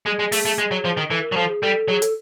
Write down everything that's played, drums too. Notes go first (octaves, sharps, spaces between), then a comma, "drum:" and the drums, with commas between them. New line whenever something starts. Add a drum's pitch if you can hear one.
G#3 G#4
G#3
A3, drum: open hi-hat
A3
G#3
F#3
F3
D#3
E3 A4
A#4
F#3
F3 A4
G#4
G3 A4
F#3
G#4
A4, drum: hi-hat